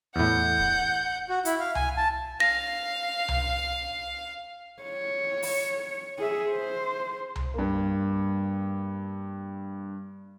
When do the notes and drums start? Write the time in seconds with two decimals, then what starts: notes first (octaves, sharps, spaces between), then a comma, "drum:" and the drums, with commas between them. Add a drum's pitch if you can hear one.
0.16 E2 A2 F#5 G6
0.59 drum: kick
1.29 F#4
1.45 E4, drum: hi-hat
1.60 F5
1.75 G#5, drum: tom C2
1.97 A5
2.40 F5 A#6
3.28 drum: tom C2
4.83 C#5
5.43 drum: open hi-hat
6.18 G#4 E5
6.51 C5
7.36 drum: tom C2
7.54 G2 A#3